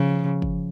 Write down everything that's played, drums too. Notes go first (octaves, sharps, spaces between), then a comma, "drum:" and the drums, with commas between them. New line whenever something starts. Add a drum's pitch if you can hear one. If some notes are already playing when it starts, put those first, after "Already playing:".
Already playing: C#3 F3
drum: kick G1